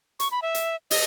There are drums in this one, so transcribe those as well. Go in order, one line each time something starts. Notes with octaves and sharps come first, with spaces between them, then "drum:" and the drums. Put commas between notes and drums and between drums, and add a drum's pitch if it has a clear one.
C#6, drum: hi-hat
B5
E5
drum: hi-hat
D#5, drum: open hi-hat